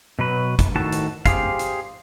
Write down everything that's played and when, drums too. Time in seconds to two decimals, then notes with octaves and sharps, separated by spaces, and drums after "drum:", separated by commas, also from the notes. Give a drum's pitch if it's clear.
0.19 B2 F#3 B4
0.59 drum: kick, hi-hat
0.76 A2 D#3 F#4 A4 A5
0.92 drum: hi-hat
1.26 G4 G#4 C5 F5, drum: kick, hi-hat
1.59 drum: hi-hat